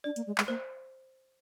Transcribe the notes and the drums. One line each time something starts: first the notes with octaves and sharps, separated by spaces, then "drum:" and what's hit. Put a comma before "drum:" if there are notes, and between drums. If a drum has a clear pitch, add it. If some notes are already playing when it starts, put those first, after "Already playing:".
D4 D5
A#3, drum: hi-hat
G#3
G#3, drum: clap
A#3 C5